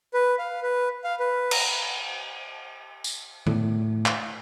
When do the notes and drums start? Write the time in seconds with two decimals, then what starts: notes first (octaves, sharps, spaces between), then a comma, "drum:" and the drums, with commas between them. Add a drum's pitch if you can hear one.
0.14 B4
0.39 F5
0.62 B4
1.04 F5
1.20 B4
1.51 A#5, drum: cymbal
3.04 drum: tambourine
3.47 A2, drum: tom D#3
4.06 drum: clap